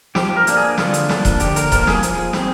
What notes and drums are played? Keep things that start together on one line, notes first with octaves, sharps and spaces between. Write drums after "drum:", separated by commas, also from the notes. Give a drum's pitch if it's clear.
F3 G4, drum: snare
A#4
A#3 D4, drum: hi-hat
G#4
D3 F4, drum: snare
drum: hi-hat
F3 A#3 D4, drum: snare
drum: kick D#1, hi-hat
D3 G4, drum: hi-hat
A#4, drum: hi-hat
F3 A#3 A#4, drum: kick D#1, hi-hat
G#4, drum: snare
F3, drum: hi-hat
C4, drum: snare